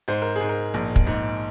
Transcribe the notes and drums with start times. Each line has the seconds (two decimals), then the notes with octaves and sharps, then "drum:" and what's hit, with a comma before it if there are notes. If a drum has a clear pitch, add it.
0.08 G#2 C5
0.22 A#4
0.36 G#4
0.41 G#2
0.49 A#4
0.74 A#1
0.96 drum: kick
1.07 G#2